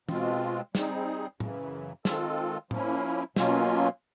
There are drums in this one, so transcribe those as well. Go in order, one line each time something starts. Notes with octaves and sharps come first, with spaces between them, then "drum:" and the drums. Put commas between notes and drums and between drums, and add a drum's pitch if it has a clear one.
B2 G#3 C4 F4, drum: tom
G3 C4 D#4 G#4, drum: snare
F#2 C#3 E3, drum: tom A2
D#3 G#3 C4 F4 A4, drum: snare
F3 A#3 C#4 E4, drum: tom A2
B2 F#3 A#3 C#4 F4, drum: snare